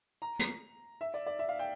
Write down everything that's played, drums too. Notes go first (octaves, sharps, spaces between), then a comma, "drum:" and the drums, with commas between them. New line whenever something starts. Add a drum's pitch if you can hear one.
A#5
drum: hi-hat
E5
D5
D5
E5
F5
G5